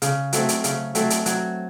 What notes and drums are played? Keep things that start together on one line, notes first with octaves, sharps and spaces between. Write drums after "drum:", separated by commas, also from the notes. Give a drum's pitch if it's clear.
C#3, drum: hi-hat
F#3 A3 C4, drum: hi-hat
drum: hi-hat
C#3, drum: hi-hat
F#3 A3 C4, drum: hi-hat
drum: hi-hat
F#3, drum: hi-hat